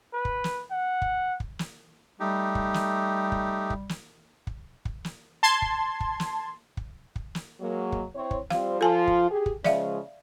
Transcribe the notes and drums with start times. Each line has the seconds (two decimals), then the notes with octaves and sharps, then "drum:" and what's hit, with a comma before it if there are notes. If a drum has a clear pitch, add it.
0.13 B4
0.25 drum: kick
0.44 drum: snare
0.71 F#5
1.02 drum: kick
1.40 drum: kick
1.59 drum: snare
2.20 G3 A3 D#4 G4
2.55 drum: kick
2.74 drum: snare
3.32 drum: kick
3.70 drum: kick
3.89 drum: snare
4.47 drum: kick
4.85 drum: kick
5.05 drum: snare
5.43 A5 C6 G#6
5.62 drum: kick
6.00 drum: kick
6.20 drum: snare
6.77 drum: kick
7.16 drum: kick
7.35 drum: snare
7.60 F#3 G#3 A#3
7.92 drum: kick
8.15 C4 E4 C#5
8.31 drum: kick
8.50 F3 G3 C4 F5, drum: snare
8.81 F3 F4 A4 G#5 A5
9.07 drum: kick
9.30 G4 G#4
9.46 drum: kick
9.64 C#3 F3 G#3 D5 E5 F5, drum: snare